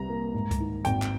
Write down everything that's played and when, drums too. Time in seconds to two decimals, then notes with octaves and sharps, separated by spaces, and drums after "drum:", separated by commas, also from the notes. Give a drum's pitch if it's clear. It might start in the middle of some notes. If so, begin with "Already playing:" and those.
Already playing: C2 C3 G3 A#5
0.09 A#3
0.34 G#2
0.51 drum: kick C#2, hi-hat
0.60 D#3
0.85 G#1 G5, drum: hi-hat
1.02 drum: clap